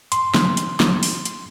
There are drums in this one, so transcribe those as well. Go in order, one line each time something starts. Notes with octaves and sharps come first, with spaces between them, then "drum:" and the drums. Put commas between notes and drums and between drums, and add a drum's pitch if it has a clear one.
C6, drum: hi-hat
drum: snare
drum: hi-hat
drum: snare
drum: open hi-hat
drum: hi-hat